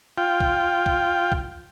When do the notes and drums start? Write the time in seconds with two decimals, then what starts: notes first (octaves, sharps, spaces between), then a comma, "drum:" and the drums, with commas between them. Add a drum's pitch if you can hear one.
0.18 F4 G5
0.40 drum: kick B1
0.86 drum: kick B1
1.32 drum: kick B1